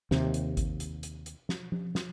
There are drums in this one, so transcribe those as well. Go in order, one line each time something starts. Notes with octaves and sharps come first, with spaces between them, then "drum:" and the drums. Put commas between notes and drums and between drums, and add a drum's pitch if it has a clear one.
D#2 C3, drum: snare
drum: hi-hat
drum: kick G#1, hi-hat
drum: hi-hat
drum: hi-hat
drum: hi-hat
drum: snare
drum: tom F3
drum: snare